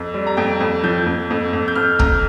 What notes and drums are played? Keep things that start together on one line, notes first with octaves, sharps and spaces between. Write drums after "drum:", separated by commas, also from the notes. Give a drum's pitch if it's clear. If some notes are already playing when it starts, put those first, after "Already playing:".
Already playing: F2
G3
A#5
F2 G5
F2
F3 G6
F2
F2
F2
G6
F2 F6
F2 A#5, drum: kick